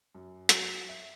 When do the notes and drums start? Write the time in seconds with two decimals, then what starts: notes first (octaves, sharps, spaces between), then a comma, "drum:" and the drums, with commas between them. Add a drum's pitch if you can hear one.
0.15 F#2
0.49 F#3, drum: hi-hat
0.89 E5